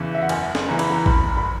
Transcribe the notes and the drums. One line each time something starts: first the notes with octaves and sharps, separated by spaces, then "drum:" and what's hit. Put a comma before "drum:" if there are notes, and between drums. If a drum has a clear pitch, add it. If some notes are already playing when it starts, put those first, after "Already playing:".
Already playing: E2 C#3 E3
E5
F#5
F#1 G#5, drum: cymbal
drum: snare
E2 C#3 E3 A#5
B5, drum: cymbal
A#5
F#1 B5, drum: kick A1
B5